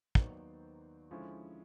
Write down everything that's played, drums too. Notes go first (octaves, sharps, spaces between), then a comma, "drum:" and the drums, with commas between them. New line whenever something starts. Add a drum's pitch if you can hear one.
D#2 D#3 F#3 B3 D#4 C5 D5, drum: kick
D3 F3 G#3 C#4 E4